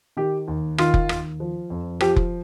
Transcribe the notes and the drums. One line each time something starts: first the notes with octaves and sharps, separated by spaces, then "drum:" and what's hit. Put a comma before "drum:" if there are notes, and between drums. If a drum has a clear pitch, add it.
D#3 G4
D#2
D#3 F4, drum: rim click
drum: kick F1
D#2, drum: rim click
F3
F2
F3 G4, drum: rim click
drum: kick F1